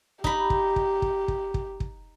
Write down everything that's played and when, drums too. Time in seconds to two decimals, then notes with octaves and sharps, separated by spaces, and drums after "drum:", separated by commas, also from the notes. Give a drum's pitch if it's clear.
0.24 D#4 G4 B5, drum: kick
0.50 drum: kick
0.76 drum: kick
1.02 drum: kick
1.28 drum: kick
1.54 drum: kick
1.80 drum: kick